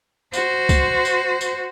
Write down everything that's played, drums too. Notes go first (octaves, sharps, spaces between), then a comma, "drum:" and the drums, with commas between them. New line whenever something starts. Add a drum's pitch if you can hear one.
F#4 C5, drum: tambourine
drum: kick, tambourine
drum: tambourine
drum: tambourine